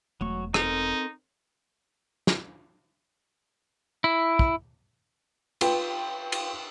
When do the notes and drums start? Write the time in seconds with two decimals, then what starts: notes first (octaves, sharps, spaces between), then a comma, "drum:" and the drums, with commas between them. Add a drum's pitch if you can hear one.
0.21 E1 F#3 A3 C#6
0.54 C4 D#4 A4 A#4, drum: rim click
2.27 drum: snare
4.04 E4
4.39 drum: kick
5.61 F4 B4 G5, drum: cymbal
6.32 drum: cymbal